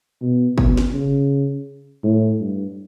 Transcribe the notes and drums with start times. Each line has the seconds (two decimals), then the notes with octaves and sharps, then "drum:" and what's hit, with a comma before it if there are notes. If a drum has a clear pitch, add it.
0.22 B2
0.58 B2, drum: kick
0.77 drum: snare
0.94 C#3
2.04 A2
2.40 G2